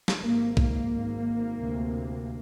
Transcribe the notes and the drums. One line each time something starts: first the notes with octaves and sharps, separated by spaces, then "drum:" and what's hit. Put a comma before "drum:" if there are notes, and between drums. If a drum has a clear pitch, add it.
drum: snare
G#1 G#2 A#3
A#3, drum: kick
G#1 G#2
D2 C3